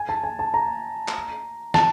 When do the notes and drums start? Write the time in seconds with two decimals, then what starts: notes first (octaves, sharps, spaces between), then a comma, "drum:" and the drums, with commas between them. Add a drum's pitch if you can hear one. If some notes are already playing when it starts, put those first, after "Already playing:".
Already playing: G#5
0.09 A5
0.24 G#5
0.39 A5
0.54 A#5
1.08 drum: clap
1.74 A5, drum: snare